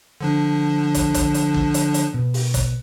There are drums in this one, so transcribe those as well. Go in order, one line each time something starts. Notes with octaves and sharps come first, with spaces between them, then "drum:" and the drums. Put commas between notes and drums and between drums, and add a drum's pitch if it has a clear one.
D3 F3 D4
drum: kick, hi-hat
drum: kick, hi-hat
drum: hi-hat
drum: kick
drum: hi-hat
drum: hi-hat
B2
drum: open hi-hat
drum: kick, hi-hat